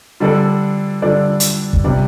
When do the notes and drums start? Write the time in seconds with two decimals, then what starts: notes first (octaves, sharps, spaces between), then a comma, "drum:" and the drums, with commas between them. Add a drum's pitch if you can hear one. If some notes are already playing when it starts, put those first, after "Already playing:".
0.20 D3 G3 D4 A4 D5
1.02 D3 G3 D4 A4 D5
1.40 drum: hi-hat
1.73 drum: kick
1.84 C3 G3 D4 G4 D5